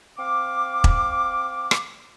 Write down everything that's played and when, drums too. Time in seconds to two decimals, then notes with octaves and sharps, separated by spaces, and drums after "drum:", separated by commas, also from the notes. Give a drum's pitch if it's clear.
0.19 C4 F5 D6
0.84 drum: kick E1
1.71 drum: rim click